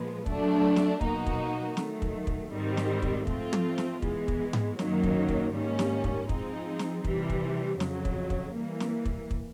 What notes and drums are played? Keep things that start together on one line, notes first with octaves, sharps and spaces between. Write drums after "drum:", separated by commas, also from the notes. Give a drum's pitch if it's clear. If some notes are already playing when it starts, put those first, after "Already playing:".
Already playing: A#2 F3 G#3 B3
F#3 A3 D4, drum: kick
drum: snare
B2 F#3 A#3 D#4 F#4, drum: kick
drum: kick
D#3 F#3 A3, drum: snare
drum: kick
drum: kick
G#2 D#3 G3 C4
drum: snare
drum: kick
F3 A3 C4 F4, drum: kick
drum: tom
drum: snare
E3 G#3 B3, drum: kick
drum: kick
drum: tom G#2
F#2 D#3 F#3 A#3, drum: snare
drum: kick
drum: kick
G#2 D#3 G3 A#3 C#4
drum: snare
drum: kick
F3 G#3 C4 D#4, drum: kick
drum: snare
C3 E3 G3, drum: kick
drum: kick
F2 C#3 F#3, drum: snare
drum: kick
drum: kick
E3 G3 A#3
drum: snare
drum: kick
drum: kick